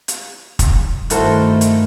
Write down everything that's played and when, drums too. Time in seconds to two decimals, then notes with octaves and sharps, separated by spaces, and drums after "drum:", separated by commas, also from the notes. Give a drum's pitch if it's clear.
0.08 drum: hi-hat
0.59 drum: kick, hi-hat
1.10 G2 D#3 A3 E4 F#4 A4 A#4 C5, drum: hi-hat
1.61 drum: hi-hat